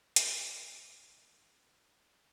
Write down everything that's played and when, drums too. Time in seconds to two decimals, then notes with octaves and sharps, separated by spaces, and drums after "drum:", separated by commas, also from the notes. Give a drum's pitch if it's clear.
0.16 D#3, drum: hi-hat
0.39 D#3 E6 F#6
0.61 D#3
0.84 D#3
1.06 D#2
1.30 D#3
1.52 D#3
1.67 E6
1.75 C#3 D#6 F6
1.87 F#6
1.97 G1 D#6 F6